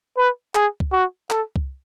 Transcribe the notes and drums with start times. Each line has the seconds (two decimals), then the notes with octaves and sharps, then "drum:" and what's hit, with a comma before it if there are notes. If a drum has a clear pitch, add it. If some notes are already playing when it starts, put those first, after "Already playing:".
0.17 B4
0.55 G#4, drum: clap
0.80 drum: kick C2
0.93 F#4
1.30 A4, drum: clap
1.56 drum: kick C2